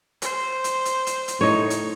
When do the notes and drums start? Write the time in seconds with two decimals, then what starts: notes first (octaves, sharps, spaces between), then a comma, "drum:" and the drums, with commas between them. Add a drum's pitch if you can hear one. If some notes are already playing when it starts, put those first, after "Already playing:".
0.22 C5, drum: hi-hat
0.64 drum: hi-hat
0.85 drum: hi-hat
1.07 drum: hi-hat
1.28 drum: hi-hat
1.41 A2 D#4 C#5
1.70 drum: hi-hat